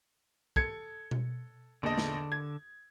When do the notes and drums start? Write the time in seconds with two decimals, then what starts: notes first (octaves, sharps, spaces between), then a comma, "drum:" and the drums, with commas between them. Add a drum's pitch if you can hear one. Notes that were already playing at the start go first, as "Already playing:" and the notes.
0.56 A4 G#6 C#7, drum: kick
1.11 drum: tom B2
1.83 A#1 E2 D3 D#5 A5
1.98 drum: snare
2.32 G#6